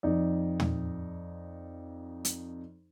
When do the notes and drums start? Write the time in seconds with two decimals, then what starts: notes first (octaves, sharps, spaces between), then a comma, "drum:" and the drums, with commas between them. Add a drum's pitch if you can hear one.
0.03 F2 D#4 D5
0.60 drum: tom
2.25 drum: hi-hat